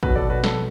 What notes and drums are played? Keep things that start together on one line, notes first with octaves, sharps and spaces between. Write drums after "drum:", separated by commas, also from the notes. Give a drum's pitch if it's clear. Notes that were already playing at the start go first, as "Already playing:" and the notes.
B1 B2 F#4 B4, drum: kick
A4 D5
F#4 B4
A4, drum: snare